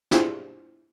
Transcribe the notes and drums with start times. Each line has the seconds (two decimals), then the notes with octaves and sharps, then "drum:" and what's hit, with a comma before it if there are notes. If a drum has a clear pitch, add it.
0.11 D4 E4 F4 G4 G#4 C5, drum: snare